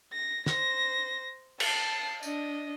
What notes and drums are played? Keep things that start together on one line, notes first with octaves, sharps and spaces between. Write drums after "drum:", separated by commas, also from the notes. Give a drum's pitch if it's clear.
A#6
C5 A#6, drum: snare
A5 C7, drum: cymbal
D4 D#5, drum: tambourine